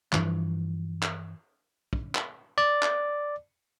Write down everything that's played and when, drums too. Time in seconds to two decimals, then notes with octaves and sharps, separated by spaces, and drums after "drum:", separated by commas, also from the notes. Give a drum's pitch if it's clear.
0.13 G2 E3 F3, drum: clap
1.03 drum: clap
1.93 drum: kick
2.15 drum: clap
2.58 D5
2.83 drum: clap